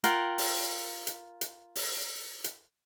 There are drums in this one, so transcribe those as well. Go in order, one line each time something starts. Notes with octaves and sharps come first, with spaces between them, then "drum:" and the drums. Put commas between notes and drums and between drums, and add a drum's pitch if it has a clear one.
F4 A#4 F#5 G5, drum: hi-hat
drum: open hi-hat
drum: hi-hat
drum: hi-hat
drum: open hi-hat
drum: hi-hat